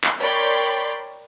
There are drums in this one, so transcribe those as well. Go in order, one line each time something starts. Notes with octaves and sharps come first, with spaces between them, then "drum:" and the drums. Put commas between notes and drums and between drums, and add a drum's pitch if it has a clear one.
drum: clap
A#4 C#5 D5 G5 B5 C6